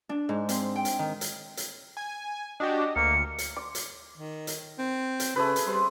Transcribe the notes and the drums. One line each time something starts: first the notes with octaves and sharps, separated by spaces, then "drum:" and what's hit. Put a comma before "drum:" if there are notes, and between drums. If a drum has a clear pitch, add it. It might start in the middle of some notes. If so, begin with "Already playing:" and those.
D4
G#2
C4, drum: hi-hat
G5
drum: hi-hat
D#3
drum: hi-hat
drum: hi-hat
G#5
D4 F#4 G4 D#5
D2 A#3 C#7
drum: hi-hat
D6
drum: hi-hat
D#3
drum: hi-hat
C4
drum: hi-hat
C#3 A3 G#4 B4
drum: hi-hat
G3 C5